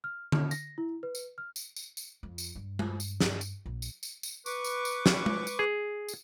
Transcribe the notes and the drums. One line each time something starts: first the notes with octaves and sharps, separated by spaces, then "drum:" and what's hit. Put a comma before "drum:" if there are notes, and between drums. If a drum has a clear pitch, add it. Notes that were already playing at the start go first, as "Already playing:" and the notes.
F6
F6, drum: tom D3
A#6, drum: tambourine
E4
B4
drum: tambourine
F6
drum: tambourine
drum: tambourine
drum: tambourine
F2
drum: tambourine
G2
drum: tom G#3
drum: tambourine
drum: snare
drum: tambourine
A#1
drum: tambourine
drum: tambourine
drum: tambourine
B4 C#6 D6, drum: tambourine
drum: tambourine
drum: tambourine
drum: snare
drum: tom G#3
drum: tambourine
G#4
drum: tambourine